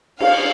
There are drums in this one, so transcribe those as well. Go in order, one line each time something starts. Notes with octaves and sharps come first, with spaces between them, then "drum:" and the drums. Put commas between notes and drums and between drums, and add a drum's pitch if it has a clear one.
F5, drum: cymbal